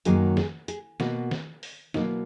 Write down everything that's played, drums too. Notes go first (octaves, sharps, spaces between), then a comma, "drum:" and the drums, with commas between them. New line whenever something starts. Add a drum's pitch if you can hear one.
F#2 D#3 F#3 A#3 G#4, drum: hi-hat
G#4, drum: snare
G#4, drum: hi-hat
B2 A#3 F#4, drum: snare
drum: snare
drum: open hi-hat
B2 F#3 A#3 D#4, drum: snare